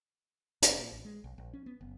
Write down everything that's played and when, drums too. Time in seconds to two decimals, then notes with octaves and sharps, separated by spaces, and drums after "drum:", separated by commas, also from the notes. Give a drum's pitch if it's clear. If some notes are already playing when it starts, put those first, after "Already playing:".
0.62 F1, drum: hi-hat
0.79 A#2
0.92 A1
1.05 G#3
1.24 B1
1.38 A#1
1.53 C#4
1.66 B3
1.81 F#1